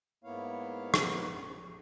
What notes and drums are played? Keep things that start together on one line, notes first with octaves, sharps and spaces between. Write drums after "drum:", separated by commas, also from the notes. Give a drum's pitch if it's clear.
G#2 A#3 B3 E4 C#5 F5
drum: rim click